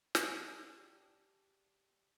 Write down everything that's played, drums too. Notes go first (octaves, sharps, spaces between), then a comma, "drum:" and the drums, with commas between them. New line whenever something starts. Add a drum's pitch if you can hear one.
D4 G4 G#4, drum: snare